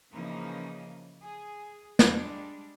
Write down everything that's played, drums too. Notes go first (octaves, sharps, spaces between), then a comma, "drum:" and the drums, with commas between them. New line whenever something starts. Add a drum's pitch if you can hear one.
C#3 E3 F3 A#3 D#4
G#4
G3 G#3 D4, drum: snare